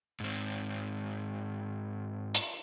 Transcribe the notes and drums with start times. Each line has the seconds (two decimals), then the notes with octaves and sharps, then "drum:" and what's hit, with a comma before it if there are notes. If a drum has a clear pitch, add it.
0.20 G#2 C4
2.35 drum: hi-hat